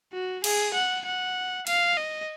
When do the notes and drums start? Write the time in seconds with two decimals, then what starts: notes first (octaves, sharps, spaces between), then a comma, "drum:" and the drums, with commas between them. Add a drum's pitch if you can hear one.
0.13 F#4
0.44 G#4, drum: cymbal
0.74 F#5
1.05 F#5
1.67 F5, drum: cymbal
1.97 D#5